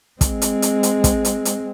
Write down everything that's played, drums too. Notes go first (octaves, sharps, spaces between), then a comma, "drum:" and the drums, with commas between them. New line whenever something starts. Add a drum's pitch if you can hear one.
G#3 C4, drum: kick, hi-hat
drum: hi-hat
drum: hi-hat
drum: hi-hat
drum: kick, hi-hat
drum: hi-hat
drum: hi-hat